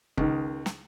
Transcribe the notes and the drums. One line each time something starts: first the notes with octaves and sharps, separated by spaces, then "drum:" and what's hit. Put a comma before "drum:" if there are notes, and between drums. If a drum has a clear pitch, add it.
C#2 D#3, drum: kick
drum: snare